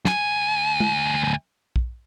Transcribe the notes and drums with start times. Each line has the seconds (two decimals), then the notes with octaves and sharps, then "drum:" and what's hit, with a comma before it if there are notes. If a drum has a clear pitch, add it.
0.05 D2 G#5, drum: snare
0.80 drum: tom
1.76 drum: kick